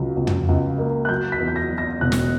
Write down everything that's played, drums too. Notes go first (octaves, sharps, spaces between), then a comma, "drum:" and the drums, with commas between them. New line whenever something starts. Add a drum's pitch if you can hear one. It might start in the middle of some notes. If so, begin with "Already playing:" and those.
Already playing: C#2 F#3
C#2
drum: tom
C#2
A#3
F#6
F#3 G6
B6
E2
G6
A#6
F#3
A#6
E1 F#6
drum: snare